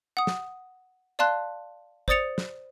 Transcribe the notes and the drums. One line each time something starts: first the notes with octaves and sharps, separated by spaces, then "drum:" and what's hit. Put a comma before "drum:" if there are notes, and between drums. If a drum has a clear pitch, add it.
F#5 D#6
drum: snare
D5 F5 A5 C6 F#6
C5 D5 D#6 A6 C#7 F7, drum: kick
drum: snare